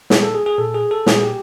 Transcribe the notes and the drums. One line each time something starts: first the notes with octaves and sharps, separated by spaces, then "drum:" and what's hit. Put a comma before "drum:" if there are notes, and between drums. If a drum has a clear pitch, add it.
A#2 G#4, drum: snare
A4
G#4
G#4
A#2 A4
G#4
A4
A#2 G#4, drum: snare
G4